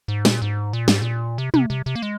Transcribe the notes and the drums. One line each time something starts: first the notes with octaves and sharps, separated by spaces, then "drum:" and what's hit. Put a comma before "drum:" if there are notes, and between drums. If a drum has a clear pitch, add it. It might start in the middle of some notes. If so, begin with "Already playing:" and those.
G#2
A#2, drum: snare
G#2
A#2
G#2, drum: snare
A#2
C3
C3, drum: tom
C3
C3
A#3
G#3